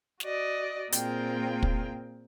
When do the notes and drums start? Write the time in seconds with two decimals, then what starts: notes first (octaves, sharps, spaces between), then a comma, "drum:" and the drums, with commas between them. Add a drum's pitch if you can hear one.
0.20 F#4 D5 D#5, drum: snare
0.92 A#2 C4 F4 G#4 A#4 G5, drum: hi-hat
1.63 drum: kick